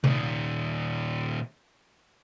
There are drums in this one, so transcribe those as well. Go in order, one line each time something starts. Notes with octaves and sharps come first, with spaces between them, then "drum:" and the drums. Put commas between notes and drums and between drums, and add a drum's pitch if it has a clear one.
A#2 D#3, drum: tom C3